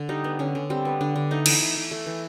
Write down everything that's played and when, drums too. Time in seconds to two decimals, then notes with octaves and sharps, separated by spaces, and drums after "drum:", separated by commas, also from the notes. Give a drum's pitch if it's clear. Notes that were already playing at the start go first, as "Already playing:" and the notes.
Already playing: D3
0.09 G3 D#4
0.24 B3
0.39 D3 C#4
0.55 D3
0.70 G3 C4
0.85 B3
1.01 D3 D4
1.16 D3
1.31 A3 D#4
1.46 E3, drum: cymbal
1.61 A3
1.76 E3
1.91 A3
2.06 E3